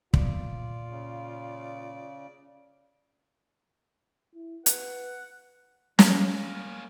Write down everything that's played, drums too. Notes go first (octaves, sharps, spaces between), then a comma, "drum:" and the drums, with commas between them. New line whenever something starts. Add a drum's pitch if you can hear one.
A#2 F4 D5, drum: kick
C#3
E4
B4 F#5, drum: hi-hat
G3 A#3 C#4, drum: snare